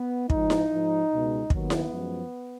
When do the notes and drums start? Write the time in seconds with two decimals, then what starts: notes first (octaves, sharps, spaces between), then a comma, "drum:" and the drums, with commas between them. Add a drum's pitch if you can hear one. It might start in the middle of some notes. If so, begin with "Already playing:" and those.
Already playing: B3
0.30 G#2 F3 G#3 D#4, drum: kick
0.50 drum: snare E4
0.70 G#2 F3 G#3
1.11 C#2 B2 G#3
1.50 D#2 D#3 F#3 B3, drum: kick
1.70 drum: snare E4
1.90 F#2 F3 G#3